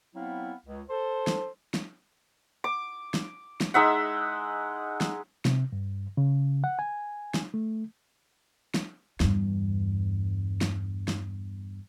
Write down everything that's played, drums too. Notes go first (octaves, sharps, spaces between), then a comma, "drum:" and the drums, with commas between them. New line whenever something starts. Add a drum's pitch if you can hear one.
F#3 B3 C4 E4 F5
C#2
A4 C5
drum: snare
drum: snare
D6
drum: snare
drum: snare
G#3 D#4 E5 F#5
drum: snare
C3, drum: snare
G2
C#3
F#5
G#5
drum: snare
A3
drum: snare
E2 G2, drum: snare
drum: snare
drum: snare